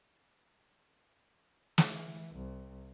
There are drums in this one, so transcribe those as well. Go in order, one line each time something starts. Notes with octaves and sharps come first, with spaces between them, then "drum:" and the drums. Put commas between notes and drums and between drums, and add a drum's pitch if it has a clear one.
E3, drum: snare
C2